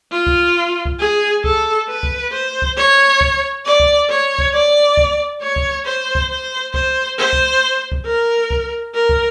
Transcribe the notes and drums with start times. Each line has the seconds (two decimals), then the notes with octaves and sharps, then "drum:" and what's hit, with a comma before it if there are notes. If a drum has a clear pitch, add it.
0.12 F4
0.27 drum: kick
0.85 drum: kick
1.00 G#4
1.44 A4, drum: kick
1.89 B4
2.03 drum: kick
2.32 C5
2.62 drum: kick
2.77 C#5
3.21 drum: kick
3.65 D5
3.80 drum: kick
4.09 C#5
4.39 drum: kick
4.54 D5
4.97 drum: kick
5.42 C#5
5.56 drum: kick
5.85 C5
6.15 drum: kick
6.30 C5
6.74 C5, drum: kick
7.18 C5
7.33 drum: kick
7.92 drum: kick
8.06 A#4
8.51 drum: kick
8.95 A#4
9.09 drum: kick